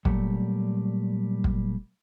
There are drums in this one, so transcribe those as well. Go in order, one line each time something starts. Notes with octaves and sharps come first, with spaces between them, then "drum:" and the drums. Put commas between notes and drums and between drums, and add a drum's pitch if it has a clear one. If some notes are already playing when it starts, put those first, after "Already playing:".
A#2 F#3 G3 A3, drum: kick
drum: kick